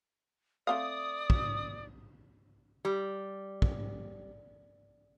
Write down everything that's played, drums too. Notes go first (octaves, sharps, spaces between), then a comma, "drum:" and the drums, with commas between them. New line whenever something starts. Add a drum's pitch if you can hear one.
A3 C4 D5 F5 D#6
drum: kick
G3 G4
drum: kick